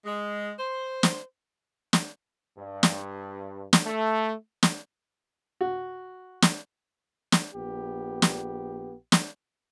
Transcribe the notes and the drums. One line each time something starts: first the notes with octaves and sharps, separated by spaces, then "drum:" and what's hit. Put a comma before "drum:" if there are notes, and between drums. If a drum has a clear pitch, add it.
G#3
C5
drum: snare
drum: snare
G2
drum: snare
drum: snare
A3
drum: snare
F#4
drum: snare
drum: snare
A#1 B3 G4
drum: snare
drum: snare